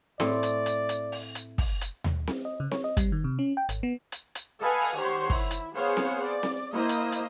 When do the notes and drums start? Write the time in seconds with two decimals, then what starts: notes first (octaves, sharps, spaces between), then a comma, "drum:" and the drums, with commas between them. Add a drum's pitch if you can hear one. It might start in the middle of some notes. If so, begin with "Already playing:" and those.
0.20 A2 A3 C4 D5, drum: snare C4
0.43 drum: hi-hat
0.66 drum: hi-hat
0.89 drum: hi-hat
1.12 drum: open hi-hat
1.35 drum: hi-hat
1.58 drum: kick, open hi-hat
1.81 drum: hi-hat
2.04 drum: tom D#2
2.27 drum: snare C4
2.45 D#5
2.60 C#3
2.71 C#5, drum: snare C4
2.84 D#5
2.97 G3, drum: kick, hi-hat
3.12 D#3
3.24 C3
3.39 C#4
3.57 G5
3.69 G#1, drum: hi-hat
3.83 B3
4.12 drum: hi-hat
4.35 drum: hi-hat
4.61 A4 B4 D#5 F5 F#5 G#5
4.81 drum: open hi-hat
4.97 D#3 G4 C5 C#5 F#5 C6
5.30 E4, drum: kick, open hi-hat
5.51 drum: hi-hat
5.75 B3 G#4 C5 C#5 F5 F#5
5.97 drum: snare C4
6.25 D5
6.43 drum: snare C4
6.73 A#3 E4 C5 D#5
6.89 drum: hi-hat
7.12 drum: hi-hat